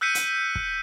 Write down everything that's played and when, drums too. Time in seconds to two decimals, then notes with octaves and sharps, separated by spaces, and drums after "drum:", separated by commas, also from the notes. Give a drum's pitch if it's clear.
0.01 E6 F#6 G6 B6 C#7 D#7
0.15 drum: hi-hat
0.55 drum: kick